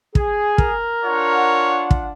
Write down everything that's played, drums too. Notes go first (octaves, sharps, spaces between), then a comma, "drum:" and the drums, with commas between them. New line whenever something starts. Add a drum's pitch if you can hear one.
G#4, drum: kick
A#4, drum: kick
D4 F4 C#5 F#5
drum: kick